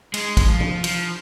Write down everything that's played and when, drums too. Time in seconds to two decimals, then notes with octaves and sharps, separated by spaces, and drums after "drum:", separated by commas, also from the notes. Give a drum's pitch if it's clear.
0.14 G#3, drum: cymbal
0.37 drum: kick, cymbal
0.48 F3
0.60 drum: tom C3
0.84 F3, drum: cymbal